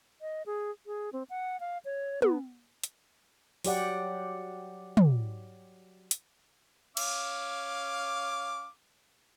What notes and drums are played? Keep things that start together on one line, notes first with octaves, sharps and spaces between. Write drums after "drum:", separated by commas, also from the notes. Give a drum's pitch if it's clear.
D#5
G#4
G#4
C4
F#5
F5
C#5
B3, drum: tom
drum: hi-hat
F#3 G4 D5 F#5, drum: open hi-hat
drum: tom
drum: hi-hat
C#4 F5 D6, drum: cymbal